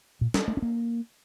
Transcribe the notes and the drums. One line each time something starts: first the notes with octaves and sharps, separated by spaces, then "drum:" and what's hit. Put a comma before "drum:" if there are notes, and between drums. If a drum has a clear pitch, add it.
A#2
G3, drum: snare
A3
C#4
A#3